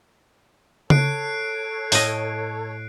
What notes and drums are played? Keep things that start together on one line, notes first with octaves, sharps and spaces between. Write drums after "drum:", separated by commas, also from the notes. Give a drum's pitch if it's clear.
A4 C#5 F#6 C7 D7, drum: tom C#3
A2 D#5, drum: open hi-hat